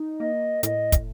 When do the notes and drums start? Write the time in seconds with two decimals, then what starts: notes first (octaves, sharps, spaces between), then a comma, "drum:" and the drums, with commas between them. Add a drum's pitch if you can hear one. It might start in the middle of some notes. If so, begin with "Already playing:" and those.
Already playing: D#4
0.20 A#3 D#5
0.63 A2 D#5, drum: hi-hat
0.92 drum: kick, hi-hat